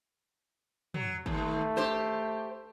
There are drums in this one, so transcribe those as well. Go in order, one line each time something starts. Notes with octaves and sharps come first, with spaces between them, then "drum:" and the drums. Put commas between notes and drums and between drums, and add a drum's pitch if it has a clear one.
F#3, drum: tom
D#2 A3, drum: kick
G4 C5, drum: snare